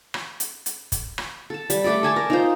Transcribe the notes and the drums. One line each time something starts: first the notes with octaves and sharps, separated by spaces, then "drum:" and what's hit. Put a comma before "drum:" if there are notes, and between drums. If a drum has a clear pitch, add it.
drum: rim click
drum: hi-hat
drum: hi-hat
drum: kick, hi-hat
drum: rim click
A4 A5
G3, drum: hi-hat
A3 G4 A4 D5
A4 G#5 A5
A#4
D#4 F4 C5